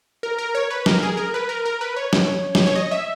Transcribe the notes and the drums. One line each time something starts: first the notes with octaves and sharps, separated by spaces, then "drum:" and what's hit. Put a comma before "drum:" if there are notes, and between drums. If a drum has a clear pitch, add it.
A#4
A#4
C#5
B4
A#4, drum: snare
G#4
A#4
B4
A#4
A#4
B4
C#5
drum: snare
drum: snare
C#5
D#5
E5